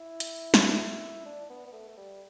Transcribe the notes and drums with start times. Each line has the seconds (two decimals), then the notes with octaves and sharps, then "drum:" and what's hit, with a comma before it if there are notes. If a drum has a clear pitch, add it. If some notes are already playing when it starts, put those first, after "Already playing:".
Already playing: E4
0.20 drum: hi-hat
0.54 drum: snare
1.26 D4
1.50 B3
1.66 B3
1.73 A3
1.88 A3
1.97 G3